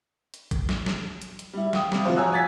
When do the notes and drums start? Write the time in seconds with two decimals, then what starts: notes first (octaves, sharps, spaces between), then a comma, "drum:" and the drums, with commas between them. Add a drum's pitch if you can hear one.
0.34 drum: hi-hat
0.51 drum: kick A1, hi-hat
0.69 drum: snare
0.86 drum: snare
1.22 drum: hi-hat
1.39 drum: hi-hat
1.53 G3 E4
1.73 F5 G5 D#6, drum: snare
1.92 C3 G3, drum: snare
2.04 F3 E4 F#4 C5 F5
2.17 C#5 G#5 A#5 E6 F#6
2.32 G#5 G#6 A6 B6